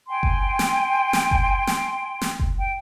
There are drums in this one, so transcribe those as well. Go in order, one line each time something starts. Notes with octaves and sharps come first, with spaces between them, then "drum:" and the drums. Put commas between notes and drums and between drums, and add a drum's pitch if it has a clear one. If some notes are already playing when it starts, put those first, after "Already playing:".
G5 G#5 C6
drum: kick F#1
drum: snare
drum: snare
drum: kick F#1
drum: snare
drum: snare
drum: kick F#1
G5